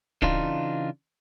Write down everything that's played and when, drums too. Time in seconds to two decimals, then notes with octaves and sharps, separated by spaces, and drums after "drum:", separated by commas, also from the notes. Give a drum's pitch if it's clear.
0.22 C#3 E3 D4 D#4 F4, drum: kick